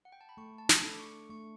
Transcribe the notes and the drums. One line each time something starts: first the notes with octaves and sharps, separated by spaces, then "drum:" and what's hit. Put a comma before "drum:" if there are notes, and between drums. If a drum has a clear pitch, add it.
F#5
G5
A5
B5
A3 C#6
A5
B5, drum: snare
D4 A4
D6
C#6
A3 C#6